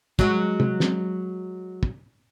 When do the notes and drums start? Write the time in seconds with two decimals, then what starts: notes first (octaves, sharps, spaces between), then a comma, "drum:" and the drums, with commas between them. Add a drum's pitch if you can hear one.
0.19 F#3 G#3, drum: kick
0.60 drum: tom
0.80 drum: snare
1.83 drum: kick